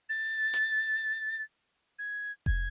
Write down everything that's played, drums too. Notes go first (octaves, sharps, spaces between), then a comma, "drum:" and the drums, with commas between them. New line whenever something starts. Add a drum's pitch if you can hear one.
A6
drum: hi-hat
G#6
G#6, drum: kick F1